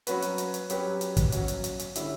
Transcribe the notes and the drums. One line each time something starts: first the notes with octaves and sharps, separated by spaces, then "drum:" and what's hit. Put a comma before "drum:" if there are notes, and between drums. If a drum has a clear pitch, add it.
F#3 C#4 F#4 B4, drum: hi-hat
drum: hi-hat
drum: hi-hat
drum: hi-hat
F#3 C#4 G4 B4, drum: hi-hat
drum: hi-hat
drum: kick, hi-hat
F#3 C#4 F#4 C#5, drum: hi-hat
drum: hi-hat
drum: hi-hat
drum: hi-hat
D3 G3 C#4 E4, drum: hi-hat